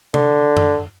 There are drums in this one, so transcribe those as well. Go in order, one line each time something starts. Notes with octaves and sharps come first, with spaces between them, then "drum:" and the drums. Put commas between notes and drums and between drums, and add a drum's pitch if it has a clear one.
D3, drum: tom
drum: tom F#2